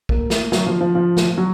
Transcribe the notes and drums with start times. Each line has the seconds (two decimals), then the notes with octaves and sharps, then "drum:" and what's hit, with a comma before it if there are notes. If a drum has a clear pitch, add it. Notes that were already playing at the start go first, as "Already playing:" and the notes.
0.09 A#3, drum: kick
0.30 drum: snare
0.52 F#3, drum: snare
0.66 F3
0.81 F3
0.95 F3
1.17 drum: snare
1.38 F#3